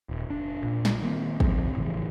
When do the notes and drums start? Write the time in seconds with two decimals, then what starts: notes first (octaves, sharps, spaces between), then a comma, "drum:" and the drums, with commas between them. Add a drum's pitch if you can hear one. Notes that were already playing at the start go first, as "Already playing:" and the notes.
0.09 D#1
0.29 F#1 D4
0.62 A#1 A#2
0.85 drum: snare
1.02 D#3 A#3 C4
1.40 D1 F3 C4, drum: kick
1.77 A2 C#3 E3